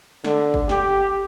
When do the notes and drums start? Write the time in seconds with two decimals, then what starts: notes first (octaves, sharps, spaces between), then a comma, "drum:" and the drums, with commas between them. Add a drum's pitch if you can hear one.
0.24 D3, drum: snare
0.54 drum: kick
0.69 G4, drum: snare